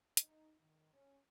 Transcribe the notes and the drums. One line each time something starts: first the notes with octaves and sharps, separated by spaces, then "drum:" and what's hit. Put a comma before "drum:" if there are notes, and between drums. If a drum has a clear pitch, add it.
D#4, drum: hi-hat
D#3
C#4